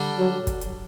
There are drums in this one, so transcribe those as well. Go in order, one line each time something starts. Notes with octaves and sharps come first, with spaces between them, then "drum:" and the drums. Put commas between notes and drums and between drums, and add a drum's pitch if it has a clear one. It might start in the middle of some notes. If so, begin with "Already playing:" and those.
Already playing: D3 G3 D4
F#3
drum: kick, hi-hat
drum: hi-hat